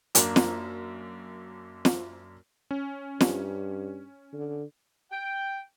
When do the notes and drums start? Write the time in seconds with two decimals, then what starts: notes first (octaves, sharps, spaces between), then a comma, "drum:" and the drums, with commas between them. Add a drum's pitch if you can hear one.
0.15 F#2 A#3 D4, drum: hi-hat
0.36 drum: snare
1.85 drum: snare
2.71 C#4
3.21 G2, drum: snare
4.33 D3
5.12 G5